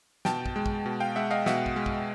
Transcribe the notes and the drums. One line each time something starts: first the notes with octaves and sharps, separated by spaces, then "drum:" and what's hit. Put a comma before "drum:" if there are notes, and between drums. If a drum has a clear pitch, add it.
B2 G5 A5, drum: snare
drum: kick
G#3
drum: kick
B2
F5 G5
G#3 E5 F#5
D#5 F5
B2 E5 F#5, drum: snare
drum: kick
G#3
drum: kick